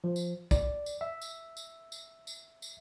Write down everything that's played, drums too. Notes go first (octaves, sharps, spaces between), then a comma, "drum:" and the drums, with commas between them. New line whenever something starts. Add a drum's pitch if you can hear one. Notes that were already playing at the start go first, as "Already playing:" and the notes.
F3
drum: tambourine
D5, drum: kick, tambourine
drum: tambourine
E5
drum: tambourine
drum: tambourine
drum: tambourine
drum: tambourine
drum: tambourine